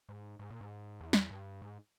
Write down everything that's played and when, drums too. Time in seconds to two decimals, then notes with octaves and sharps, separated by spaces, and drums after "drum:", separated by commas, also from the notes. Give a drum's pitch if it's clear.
0.09 G#2
0.39 G#2
0.50 A#2
0.61 G#2
1.01 E2
1.13 drum: snare
1.31 G2
1.62 G#2